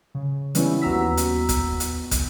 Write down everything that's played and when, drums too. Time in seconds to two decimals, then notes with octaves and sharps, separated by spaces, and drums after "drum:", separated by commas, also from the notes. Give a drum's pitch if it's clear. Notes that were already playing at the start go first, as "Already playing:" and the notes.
0.15 C#3
0.55 E3 G3 B3 C#4 E4, drum: hi-hat
0.82 D#2 B3 F#4 A#5 E6 B6
1.17 drum: hi-hat
1.49 drum: kick, hi-hat
1.80 drum: hi-hat
2.11 drum: kick, hi-hat